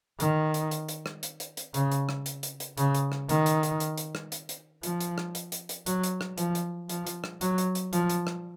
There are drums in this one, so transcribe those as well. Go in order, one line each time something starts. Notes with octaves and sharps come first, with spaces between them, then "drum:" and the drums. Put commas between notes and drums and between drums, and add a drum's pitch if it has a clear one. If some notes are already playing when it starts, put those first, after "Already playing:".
D#3, drum: hi-hat
drum: hi-hat
drum: hi-hat
drum: hi-hat
drum: rim click
drum: hi-hat
drum: hi-hat
drum: hi-hat
C#3, drum: hi-hat
drum: hi-hat
drum: rim click
drum: hi-hat
drum: hi-hat
drum: hi-hat
C#3, drum: hi-hat
drum: hi-hat
drum: rim click
D#3, drum: hi-hat
drum: hi-hat
drum: hi-hat
drum: hi-hat
drum: hi-hat
drum: rim click
drum: hi-hat
drum: hi-hat
F3, drum: hi-hat
drum: hi-hat
drum: rim click
drum: hi-hat
drum: hi-hat
drum: hi-hat
F#3, drum: hi-hat
drum: hi-hat
drum: rim click
F3, drum: hi-hat
drum: hi-hat
F3, drum: hi-hat
drum: hi-hat
drum: rim click
F#3, drum: hi-hat
drum: hi-hat
drum: hi-hat
F3, drum: hi-hat
drum: hi-hat
drum: rim click